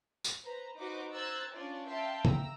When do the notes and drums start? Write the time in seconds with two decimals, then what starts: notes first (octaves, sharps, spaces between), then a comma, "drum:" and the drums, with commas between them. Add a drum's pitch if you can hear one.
0.24 drum: tambourine
0.43 B4 C5 A#5
0.77 D#4 F#4 B4 C5 D6
1.12 C5 A#5 E6 F#6 G#6 A6
1.54 C#4 D4 F4 C#5 D5
1.88 E5 F5 G5 A5 C6
2.25 A#5 E6, drum: tom C#3